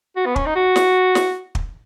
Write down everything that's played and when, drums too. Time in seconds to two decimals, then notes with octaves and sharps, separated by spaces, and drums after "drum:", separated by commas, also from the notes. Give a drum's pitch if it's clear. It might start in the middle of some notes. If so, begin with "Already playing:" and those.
0.16 F#4
0.26 B3
0.36 C#4, drum: kick
0.46 D#4
0.55 F#4
0.76 drum: snare
1.15 drum: snare
1.55 drum: kick